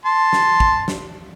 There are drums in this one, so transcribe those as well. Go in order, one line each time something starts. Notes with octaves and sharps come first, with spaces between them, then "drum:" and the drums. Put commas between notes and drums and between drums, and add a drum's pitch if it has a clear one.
A5 C6
drum: snare
drum: kick
drum: snare